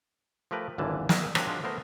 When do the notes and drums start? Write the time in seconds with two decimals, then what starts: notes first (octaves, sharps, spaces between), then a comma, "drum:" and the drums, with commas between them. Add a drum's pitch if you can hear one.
0.51 F3 A3 G4 A#4 B4
0.78 G#1 C#2 F#2 D3 E3 A5
1.09 G#4 A#4 B4 E5 A#5, drum: snare
1.35 F#3 A#3 C4 D4 F#4 G4, drum: rim click
1.47 F#3 G#3 D4 F4
1.63 A3 B3 A#4 C5